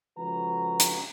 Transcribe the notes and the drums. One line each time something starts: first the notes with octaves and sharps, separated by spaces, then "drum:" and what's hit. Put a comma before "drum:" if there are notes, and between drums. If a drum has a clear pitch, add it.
C#2 F3 F#4 A4 B4 A#5
drum: hi-hat